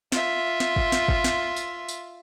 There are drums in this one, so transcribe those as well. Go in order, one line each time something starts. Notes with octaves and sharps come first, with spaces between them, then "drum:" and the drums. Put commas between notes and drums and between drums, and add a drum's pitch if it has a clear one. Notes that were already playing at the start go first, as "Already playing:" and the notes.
F4 E5, drum: snare
drum: snare
drum: kick
drum: snare
drum: kick
drum: snare
drum: tambourine
drum: tambourine